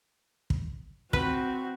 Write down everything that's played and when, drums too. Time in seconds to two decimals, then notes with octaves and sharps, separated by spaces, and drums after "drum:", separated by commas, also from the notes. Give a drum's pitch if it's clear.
0.50 drum: kick
1.13 C4 F#4 B4, drum: kick